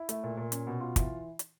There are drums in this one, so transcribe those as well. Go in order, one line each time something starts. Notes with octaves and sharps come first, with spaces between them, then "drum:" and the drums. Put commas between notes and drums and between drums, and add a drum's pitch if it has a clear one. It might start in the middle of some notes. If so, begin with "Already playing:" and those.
Already playing: E4
A3, drum: hi-hat
A#2
A#2
C#4, drum: hi-hat
B2
F4
E3, drum: kick, hi-hat
drum: hi-hat